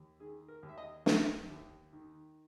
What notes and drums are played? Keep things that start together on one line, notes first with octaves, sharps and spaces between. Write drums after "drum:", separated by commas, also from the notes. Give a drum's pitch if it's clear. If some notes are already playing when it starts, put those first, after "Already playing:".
Already playing: D#2
D#3 G#4
A#4
D#2
E5
D#5
D#3 E5, drum: snare
D#2
D#3